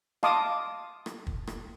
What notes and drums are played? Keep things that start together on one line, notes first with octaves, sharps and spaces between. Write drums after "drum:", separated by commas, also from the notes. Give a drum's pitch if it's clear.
D#5 F5 A5 C6 D6 D#6, drum: rim click
drum: rim click
drum: kick
drum: rim click